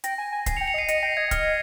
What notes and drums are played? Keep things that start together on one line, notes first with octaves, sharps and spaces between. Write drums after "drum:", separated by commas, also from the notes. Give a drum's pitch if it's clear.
G5 A#6, drum: hi-hat
G#5
G#5
G#5 C7, drum: kick D1, hi-hat
C#7 F7
G5
C#7 F7
D#5 C7 D#7
D#5 A#6 C#7, drum: hi-hat
G5 A#6
D#5 G#6
F6, drum: kick D1, hi-hat